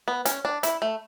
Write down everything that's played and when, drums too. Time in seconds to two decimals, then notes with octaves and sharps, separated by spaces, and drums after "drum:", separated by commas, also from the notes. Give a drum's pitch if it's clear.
0.08 B3
0.25 C#4, drum: hi-hat
0.45 D4
0.63 E4, drum: hi-hat
0.82 A3